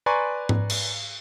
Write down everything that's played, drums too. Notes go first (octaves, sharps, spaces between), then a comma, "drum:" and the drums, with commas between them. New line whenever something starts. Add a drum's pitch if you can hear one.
B4 D5 G#5 A#5 C6 C#6
drum: tom G#2
drum: cymbal